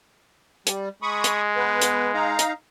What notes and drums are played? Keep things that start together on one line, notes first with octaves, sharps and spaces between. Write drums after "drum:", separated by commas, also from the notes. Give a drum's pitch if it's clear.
G3, drum: hi-hat
G#3 B5 C#6 D#6
drum: hi-hat
B3 B4
drum: hi-hat
D#4 F5 A#5
drum: hi-hat